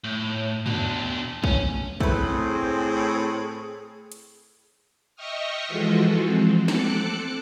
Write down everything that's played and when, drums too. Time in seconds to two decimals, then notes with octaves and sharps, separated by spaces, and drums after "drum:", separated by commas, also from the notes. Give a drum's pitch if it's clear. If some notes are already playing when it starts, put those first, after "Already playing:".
0.04 A2
0.66 B2 D4, drum: tom
1.44 C#4, drum: kick
2.00 A2 A3 C4 G#4 B4, drum: kick
4.12 drum: hi-hat
5.16 D#5 E5 G5 C#6 D#6 F6
5.68 E3 F3 G#3 F4 F#4 A4
6.25 C4
6.68 C4 A4 D6 F#6 C#7, drum: snare